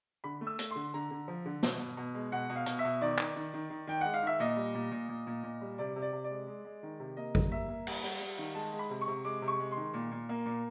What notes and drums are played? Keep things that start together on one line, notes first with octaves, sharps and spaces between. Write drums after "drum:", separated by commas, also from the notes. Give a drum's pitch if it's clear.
D3 B5
A3
E6
A3, drum: hi-hat
D3 C6
D3 A#5
D3
F3
D3
B2, drum: snare
B2
B2
G#3
B2 F#5
B2
F5
B2, drum: hi-hat
E5
B2
D#3 D5
D#3, drum: clap
D#3
D#3
D#3
D#3 G5
G#3 F#5
F5
D#3 E5
A#2 D#5
G3
A#2
A#2
A#2
A#2
A#2
G3
C3 D5
C3
D5
C3
D5
G#3
G#3
G#3
D#3
C3
A#3 D#5
G3, drum: kick G#1
A#3 E5
A#3
G3, drum: cymbal
G3, drum: open hi-hat
G3
D#3
G#3 A5
G#3
B5
C3
C#6
C3
G#3 D6
C3
C#6
G#3
D#3 C6
A#2
A#2
A#3
A#2